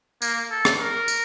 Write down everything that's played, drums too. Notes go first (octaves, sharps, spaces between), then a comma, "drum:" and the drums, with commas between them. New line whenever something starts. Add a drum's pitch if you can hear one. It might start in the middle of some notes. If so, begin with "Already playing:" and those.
A#3, drum: tambourine
A4
drum: rim click
A#4
drum: tambourine